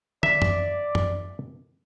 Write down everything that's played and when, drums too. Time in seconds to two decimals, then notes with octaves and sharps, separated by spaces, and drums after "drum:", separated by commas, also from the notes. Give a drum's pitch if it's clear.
0.23 D5 E5, drum: tom
0.42 drum: tom
0.95 drum: tom